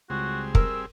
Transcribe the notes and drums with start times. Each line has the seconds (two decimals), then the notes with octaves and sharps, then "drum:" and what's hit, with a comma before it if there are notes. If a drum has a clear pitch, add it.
0.10 C#2 G3 C4 F#4 G#4
0.55 A#4 E6, drum: kick